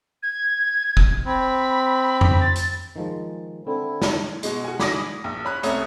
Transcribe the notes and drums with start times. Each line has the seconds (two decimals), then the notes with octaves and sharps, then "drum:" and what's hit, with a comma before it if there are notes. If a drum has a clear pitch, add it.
0.22 G#6
0.97 drum: kick
1.26 C4 B5
2.21 drum: tom F2
2.40 A6
2.56 drum: hi-hat
2.96 D#3 F3 G#3
3.67 D3 C4 E4
4.02 drum: snare
4.43 B2 G#3, drum: hi-hat
4.65 F#4 G#5
4.80 B5 D6 D#6 A#6, drum: snare
5.24 A#1
5.45 C#4 B5 F#6
5.63 C2 A3 C#4 D#6, drum: hi-hat